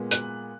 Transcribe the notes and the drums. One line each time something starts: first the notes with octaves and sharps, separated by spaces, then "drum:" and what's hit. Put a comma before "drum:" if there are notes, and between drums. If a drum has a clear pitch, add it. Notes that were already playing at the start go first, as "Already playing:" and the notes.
Already playing: A#2 G#3 B3
F#6, drum: hi-hat